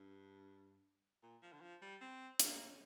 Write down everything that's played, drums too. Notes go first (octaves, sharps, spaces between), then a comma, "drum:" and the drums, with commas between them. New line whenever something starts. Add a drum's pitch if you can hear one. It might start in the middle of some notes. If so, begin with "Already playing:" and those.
Already playing: G2
A#2
F3
D3
F3
G3
C4
A#3, drum: hi-hat